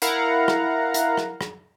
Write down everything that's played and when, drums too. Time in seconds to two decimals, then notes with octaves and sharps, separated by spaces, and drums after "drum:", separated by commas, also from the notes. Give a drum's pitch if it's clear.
0.02 E4 A#4 F5 F#5 A#5, drum: hi-hat
0.48 drum: rim click
0.94 drum: hi-hat
1.17 drum: rim click
1.41 drum: rim click